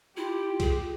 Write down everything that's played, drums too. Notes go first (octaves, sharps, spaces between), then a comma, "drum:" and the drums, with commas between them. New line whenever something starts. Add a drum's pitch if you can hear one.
E4 F4 G4
G#4, drum: kick C2, cymbal